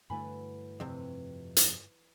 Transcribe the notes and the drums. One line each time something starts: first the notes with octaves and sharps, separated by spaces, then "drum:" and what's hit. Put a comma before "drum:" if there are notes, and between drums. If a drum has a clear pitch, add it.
G2 D3 E3 F#3 A3 G#5 B5
F2 C3 B4 C#5
drum: hi-hat